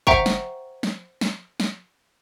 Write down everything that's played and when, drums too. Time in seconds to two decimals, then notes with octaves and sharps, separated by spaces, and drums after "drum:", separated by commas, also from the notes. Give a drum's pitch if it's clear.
0.07 C5 E5 F#5 G5 A#5 C#6, drum: kick
0.26 drum: snare
0.83 drum: snare
1.21 drum: snare
1.60 drum: snare